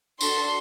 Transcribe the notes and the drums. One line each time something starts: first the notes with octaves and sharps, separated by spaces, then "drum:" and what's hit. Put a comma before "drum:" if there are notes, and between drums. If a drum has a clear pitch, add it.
D4 F#4 A4 C6, drum: tambourine